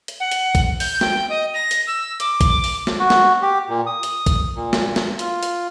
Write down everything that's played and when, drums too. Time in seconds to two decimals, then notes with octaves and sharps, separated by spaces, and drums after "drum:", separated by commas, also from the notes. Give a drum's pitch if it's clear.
0.08 drum: hi-hat
0.20 F#5
0.31 drum: hi-hat
0.55 drum: kick A#1, hi-hat
0.80 G6, drum: open hi-hat
1.01 G5, drum: snare
1.29 D#5
1.54 A#6
1.71 drum: hi-hat
1.87 E6
2.20 D6, drum: hi-hat
2.41 drum: kick A#1, hi-hat
2.64 drum: open hi-hat
2.87 drum: snare
2.99 F#4
3.10 drum: snare
3.42 G4
3.69 A#2
3.87 D#6
4.03 drum: hi-hat
4.26 drum: kick A#1, hi-hat
4.56 A#2
4.73 drum: snare
4.96 drum: snare
5.19 F4, drum: hi-hat
5.43 drum: hi-hat